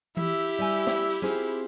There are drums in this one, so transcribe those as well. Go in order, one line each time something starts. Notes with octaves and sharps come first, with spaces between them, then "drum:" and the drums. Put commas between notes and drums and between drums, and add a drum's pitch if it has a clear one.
E4 G4 E5, drum: tom E3
G3 G#5
drum: snare
drum: open hi-hat
C4 F4 G#4